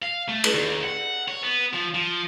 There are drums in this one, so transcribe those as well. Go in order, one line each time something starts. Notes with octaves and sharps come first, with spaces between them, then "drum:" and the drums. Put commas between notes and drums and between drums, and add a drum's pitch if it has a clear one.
F5
A3
drum: cymbal
D#2
F#5
C#5
B3
F3
F3